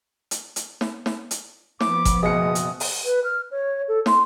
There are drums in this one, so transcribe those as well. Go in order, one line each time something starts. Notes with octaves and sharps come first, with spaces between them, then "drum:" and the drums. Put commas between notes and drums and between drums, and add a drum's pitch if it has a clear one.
drum: hi-hat
drum: hi-hat
drum: snare
drum: snare
drum: hi-hat
F3 B3 D6, drum: snare
drum: kick G1, hi-hat
F#1 B2 G#3 D#6 C#7
drum: hi-hat
drum: open hi-hat
B4
F6
C#5
A4
C6, drum: snare